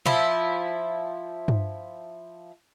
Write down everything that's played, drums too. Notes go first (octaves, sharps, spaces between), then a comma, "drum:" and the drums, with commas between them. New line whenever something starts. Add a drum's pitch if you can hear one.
F3 E4, drum: tom A#2
drum: tom G2